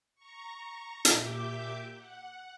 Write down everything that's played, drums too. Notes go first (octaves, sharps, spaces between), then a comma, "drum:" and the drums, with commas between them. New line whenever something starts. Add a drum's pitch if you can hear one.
A#5 C#6
A#2 G4 E5 D6 G6, drum: hi-hat
F#5